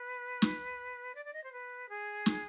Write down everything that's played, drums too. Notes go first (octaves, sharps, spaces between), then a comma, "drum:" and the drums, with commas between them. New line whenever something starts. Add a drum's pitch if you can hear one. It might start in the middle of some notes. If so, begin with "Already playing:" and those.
Already playing: B4
drum: snare
D5
D5
D#5
C5
B4
G#4
drum: snare